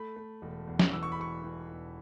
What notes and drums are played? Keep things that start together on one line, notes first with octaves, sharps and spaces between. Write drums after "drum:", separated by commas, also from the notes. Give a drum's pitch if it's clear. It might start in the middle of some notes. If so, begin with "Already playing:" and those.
Already playing: A3 B5
A3
E1
E2
drum: snare
E3 E6
C#6
B5
E1 C#6
E3
E1